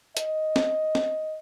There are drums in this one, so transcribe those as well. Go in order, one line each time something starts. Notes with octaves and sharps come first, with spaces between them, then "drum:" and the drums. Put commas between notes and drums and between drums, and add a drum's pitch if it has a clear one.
D#5, drum: hi-hat
drum: snare
drum: snare